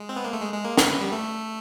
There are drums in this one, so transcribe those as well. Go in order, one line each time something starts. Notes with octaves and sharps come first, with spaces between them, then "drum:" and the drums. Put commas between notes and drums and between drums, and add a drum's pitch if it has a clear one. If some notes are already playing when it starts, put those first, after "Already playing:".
Already playing: G#3
C4
B3
A#3
A3
G#3
G#3
A#3
B3, drum: snare
B3
G3
A3